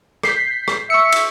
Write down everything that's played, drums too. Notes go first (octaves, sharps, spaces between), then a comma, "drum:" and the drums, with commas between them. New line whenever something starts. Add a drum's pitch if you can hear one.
G6 B6 C7, drum: rim click
drum: rim click
E5 C#6 E6 C#7
drum: cymbal